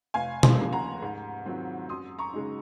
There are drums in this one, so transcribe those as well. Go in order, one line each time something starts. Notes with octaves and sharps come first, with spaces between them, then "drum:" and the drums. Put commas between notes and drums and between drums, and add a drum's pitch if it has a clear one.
F1 F5 G#5
G#5 C6, drum: tom B2
D#2 C#3 F3
F#5 A#5
G#2
D#3 F#3 C4 F4
F#2 C6 D#6
A#5 C#6
C#3 G#3 D#4